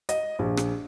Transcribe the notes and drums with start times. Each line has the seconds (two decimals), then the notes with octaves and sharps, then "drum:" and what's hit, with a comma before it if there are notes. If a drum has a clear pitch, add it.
0.09 D#5, drum: hi-hat
0.39 A#1
0.57 drum: rim click